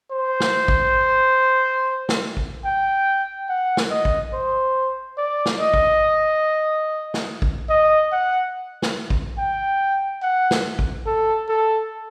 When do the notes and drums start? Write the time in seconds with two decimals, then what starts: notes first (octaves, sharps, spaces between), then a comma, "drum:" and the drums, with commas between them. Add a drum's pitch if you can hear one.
0.12 C5
0.40 drum: snare
0.68 drum: kick
2.09 drum: snare
2.37 drum: kick
2.65 G5
3.49 F#5
3.77 drum: snare
3.91 D#5
4.05 drum: kick
4.33 C5
5.18 D5
5.45 drum: snare
5.60 D#5
5.74 drum: kick
7.14 drum: snare
7.42 drum: kick
7.70 D#5
8.12 F#5
8.82 drum: snare
9.10 drum: kick
9.38 G5
10.22 F#5
10.51 drum: snare
10.79 drum: kick
11.06 A4
11.49 A4